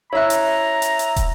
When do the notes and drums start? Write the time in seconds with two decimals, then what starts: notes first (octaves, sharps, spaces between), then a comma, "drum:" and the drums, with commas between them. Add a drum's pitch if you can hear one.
0.13 E4 C#5 E5 A#5 F#6
0.30 drum: hi-hat
0.82 drum: hi-hat
0.99 drum: hi-hat
1.16 drum: kick, hi-hat